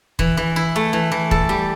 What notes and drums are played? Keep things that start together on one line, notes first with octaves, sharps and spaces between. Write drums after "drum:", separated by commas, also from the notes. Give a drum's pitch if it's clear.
E3, drum: kick
E3
E4
A3
E3
E3
A4, drum: kick
G3